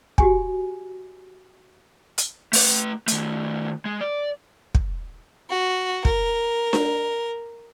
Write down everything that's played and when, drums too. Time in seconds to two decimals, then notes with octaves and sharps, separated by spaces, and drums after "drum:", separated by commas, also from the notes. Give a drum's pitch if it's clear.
0.18 F#4 G4 G#5, drum: kick
2.18 drum: hi-hat
2.53 A3 B4, drum: open hi-hat
3.08 D#3 A3, drum: hi-hat
3.85 G#3
4.01 D5
4.75 drum: kick
5.50 F#4
6.05 A#4, drum: kick
6.73 drum: snare D4